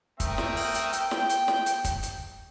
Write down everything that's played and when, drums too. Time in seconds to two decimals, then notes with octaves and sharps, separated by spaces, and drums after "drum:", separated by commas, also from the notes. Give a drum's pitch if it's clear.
0.20 A3 C4 A#4 E5 G5 D#6, drum: kick, hi-hat
0.38 drum: snare
0.56 drum: open hi-hat
0.75 drum: hi-hat
0.93 G5, drum: hi-hat
1.11 drum: snare
1.30 drum: hi-hat
1.48 drum: snare
1.66 drum: hi-hat
1.85 drum: kick, hi-hat
2.03 drum: hi-hat